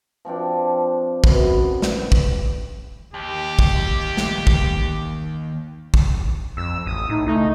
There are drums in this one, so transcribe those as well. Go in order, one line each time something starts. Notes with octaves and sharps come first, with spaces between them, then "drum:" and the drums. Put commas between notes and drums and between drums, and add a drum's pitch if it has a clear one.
F3 C4 D4 G5
F#2 B3, drum: kick
drum: snare
drum: kick
D#2 G4
drum: kick
drum: snare
drum: kick
drum: kick
F2 E6
A1 D#6
A2 D#4
C#2 A3 D#4